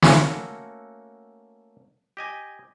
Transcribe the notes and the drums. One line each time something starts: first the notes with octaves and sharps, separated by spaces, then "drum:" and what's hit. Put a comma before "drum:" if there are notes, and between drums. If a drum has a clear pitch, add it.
A3 A#3 C#4 F#4 A4 F#5, drum: snare
G4 D#5 G#5